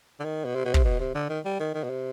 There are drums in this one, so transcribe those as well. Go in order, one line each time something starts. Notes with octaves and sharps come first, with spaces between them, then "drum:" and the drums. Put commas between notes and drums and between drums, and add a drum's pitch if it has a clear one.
D3
D#3
B2
C3
B2
C3, drum: kick
B2
C3
D3
D#3
G3
D#3
D#3
B2
C3